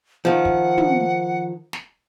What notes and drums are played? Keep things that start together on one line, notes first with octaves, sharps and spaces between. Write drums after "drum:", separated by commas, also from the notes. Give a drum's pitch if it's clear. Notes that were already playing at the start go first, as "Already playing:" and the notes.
D#3 F3 F#5
drum: kick
drum: tom
drum: snare